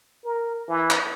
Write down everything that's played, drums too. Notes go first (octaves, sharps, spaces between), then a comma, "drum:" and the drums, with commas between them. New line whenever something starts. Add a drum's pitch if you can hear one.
A#4
E3
drum: clap